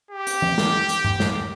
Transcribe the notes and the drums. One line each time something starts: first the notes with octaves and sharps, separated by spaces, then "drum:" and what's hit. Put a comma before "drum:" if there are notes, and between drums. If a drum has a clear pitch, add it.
G4
drum: hi-hat
drum: tom E3
drum: snare
drum: hi-hat
drum: tom G2
drum: snare